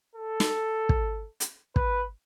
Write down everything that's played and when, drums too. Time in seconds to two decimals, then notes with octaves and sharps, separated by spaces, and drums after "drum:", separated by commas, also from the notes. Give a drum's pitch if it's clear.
0.15 A4
0.40 drum: snare
0.89 drum: kick
1.40 drum: hi-hat
1.76 B4, drum: kick